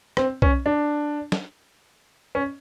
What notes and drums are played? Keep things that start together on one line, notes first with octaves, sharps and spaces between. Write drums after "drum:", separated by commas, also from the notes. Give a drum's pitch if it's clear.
C4, drum: rim click
C#4, drum: kick B1
D4
drum: snare
C#4